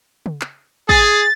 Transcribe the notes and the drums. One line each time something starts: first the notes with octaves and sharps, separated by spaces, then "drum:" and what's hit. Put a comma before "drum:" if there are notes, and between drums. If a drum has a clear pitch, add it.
drum: tom C#3
drum: clap
G#4 A6, drum: kick